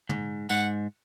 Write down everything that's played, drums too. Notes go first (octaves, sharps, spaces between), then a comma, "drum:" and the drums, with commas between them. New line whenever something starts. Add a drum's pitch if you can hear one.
G#2, drum: tom
G#2 F#5, drum: tambourine